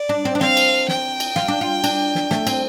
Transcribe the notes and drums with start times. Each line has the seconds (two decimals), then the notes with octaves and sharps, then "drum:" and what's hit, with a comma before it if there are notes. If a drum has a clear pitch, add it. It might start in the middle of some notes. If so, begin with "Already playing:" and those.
Already playing: D5
0.09 D4
0.25 C4
0.35 D4
0.41 C4 F5, drum: snare
0.57 drum: cymbal
0.88 G5, drum: snare
1.20 drum: cymbal
1.36 F4, drum: snare
1.48 D4
1.61 F4
1.84 D4, drum: cymbal
2.15 drum: snare
2.31 A3, drum: snare
2.47 C4, drum: cymbal